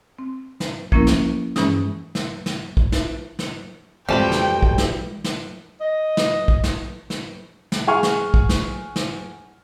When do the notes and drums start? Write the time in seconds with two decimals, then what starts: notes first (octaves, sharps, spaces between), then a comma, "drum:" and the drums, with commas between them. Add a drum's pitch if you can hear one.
0.19 C4
0.60 drum: snare
0.92 F3 A#3 C#4 E4 A#4, drum: kick
1.07 drum: snare
1.56 G2 E3 G#3 C#4 G#4 D#6, drum: snare
2.15 drum: snare
2.46 drum: snare
2.77 drum: kick
2.92 drum: snare
3.39 drum: snare
4.09 F2 B2 E3 G3 G#3 G5 A5 B5
4.32 drum: snare
4.63 drum: kick
4.78 drum: snare
5.24 drum: snare
5.81 D#5
6.17 drum: snare
6.48 drum: kick
6.64 drum: snare
7.10 drum: snare
7.72 drum: snare
7.87 G#4 F#5 G#5 C#6 F6
8.03 drum: snare
8.34 drum: kick
8.49 drum: snare
8.96 drum: snare